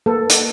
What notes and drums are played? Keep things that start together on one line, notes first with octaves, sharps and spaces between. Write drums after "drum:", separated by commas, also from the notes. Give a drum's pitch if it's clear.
A#3 A4 B4
drum: hi-hat